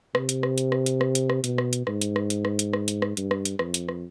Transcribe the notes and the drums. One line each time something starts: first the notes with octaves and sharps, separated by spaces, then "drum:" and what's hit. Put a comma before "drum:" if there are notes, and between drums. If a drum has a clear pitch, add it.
C3, drum: rim click
drum: hi-hat
drum: rim click
drum: hi-hat
drum: rim click
drum: hi-hat
drum: rim click
drum: hi-hat
drum: rim click
B2, drum: hi-hat
drum: rim click
drum: hi-hat
G#2, drum: rim click
drum: hi-hat
drum: rim click
drum: hi-hat
drum: rim click
drum: hi-hat
drum: rim click
drum: hi-hat
drum: rim click
G2, drum: hi-hat
drum: rim click
drum: hi-hat
F2, drum: rim click
drum: hi-hat
drum: rim click